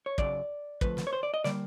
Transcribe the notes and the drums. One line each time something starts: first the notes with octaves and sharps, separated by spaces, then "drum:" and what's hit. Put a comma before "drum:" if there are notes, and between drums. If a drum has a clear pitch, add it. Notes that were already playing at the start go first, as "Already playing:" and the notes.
C#5
F#2 C#3 F#3 D5, drum: kick
F2 D3 F3 A3 B4, drum: kick
drum: snare
C#5
C5
D5
D#5
D3 G3 A#3 D5, drum: snare